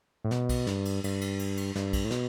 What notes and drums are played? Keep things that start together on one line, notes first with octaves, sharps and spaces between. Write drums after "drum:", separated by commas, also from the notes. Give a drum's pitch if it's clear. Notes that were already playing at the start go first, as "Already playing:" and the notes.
A2
B2, drum: snare
drum: kick B1, cymbal
G2, drum: snare
drum: cymbal
G2, drum: cymbal
drum: cymbal
drum: cymbal
drum: cymbal
G2, drum: snare
drum: kick B1, cymbal
A2
B2, drum: snare